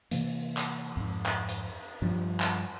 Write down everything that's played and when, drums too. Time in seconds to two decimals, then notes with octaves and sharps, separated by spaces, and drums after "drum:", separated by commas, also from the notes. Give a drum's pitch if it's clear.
0.11 C3 E3 A#3, drum: hi-hat
0.57 drum: clap
0.97 F2 G#2
1.26 drum: clap
1.49 drum: hi-hat
2.02 G2 F3 G3
2.40 drum: clap